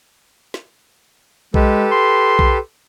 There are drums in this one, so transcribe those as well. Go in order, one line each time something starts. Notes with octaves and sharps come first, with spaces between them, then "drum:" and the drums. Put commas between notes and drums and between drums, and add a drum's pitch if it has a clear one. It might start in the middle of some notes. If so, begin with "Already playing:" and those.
drum: snare
G#3 G4 A4 B4, drum: kick B1
C6
drum: kick B1